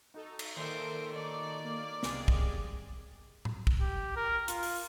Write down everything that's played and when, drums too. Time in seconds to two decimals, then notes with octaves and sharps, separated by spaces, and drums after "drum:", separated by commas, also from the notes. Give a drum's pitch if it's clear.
0.14 D#4 F#4 A4
0.39 drum: cymbal
0.56 A#2 D#3 A4 C5 E5 D6 D7
1.13 D#4 C#5 D5 F#5 D6
1.64 A#3
2.03 C2 G#3 G4 G#4 F5, drum: snare
2.28 drum: kick
3.45 drum: tom A2
3.67 drum: kick
3.81 G4
4.16 A#4
4.48 F4, drum: hi-hat
4.63 drum: open hi-hat